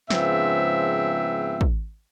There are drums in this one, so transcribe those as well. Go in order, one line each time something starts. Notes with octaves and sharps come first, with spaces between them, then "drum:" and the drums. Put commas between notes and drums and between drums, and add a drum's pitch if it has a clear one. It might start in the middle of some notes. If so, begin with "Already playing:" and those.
G#2 C#3 F3 B3 C4 E5, drum: snare
drum: kick